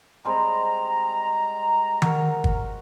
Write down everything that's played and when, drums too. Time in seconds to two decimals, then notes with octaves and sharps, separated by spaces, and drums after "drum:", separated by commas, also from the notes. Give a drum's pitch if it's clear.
0.25 G3 G#3 C4 A#5
2.02 F#4 A#4, drum: tom D#3
2.44 drum: kick